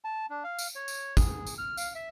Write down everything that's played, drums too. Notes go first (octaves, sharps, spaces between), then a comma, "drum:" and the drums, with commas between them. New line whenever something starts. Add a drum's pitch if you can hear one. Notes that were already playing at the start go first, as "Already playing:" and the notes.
A5
D4
F5
drum: tambourine
C#5
drum: tambourine
G#4, drum: kick, tambourine
drum: tambourine
F6
F5, drum: tambourine
E5